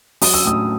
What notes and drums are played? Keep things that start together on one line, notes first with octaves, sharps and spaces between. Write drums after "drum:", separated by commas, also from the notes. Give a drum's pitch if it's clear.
F#3 D#6, drum: open hi-hat
E6
A2 D#6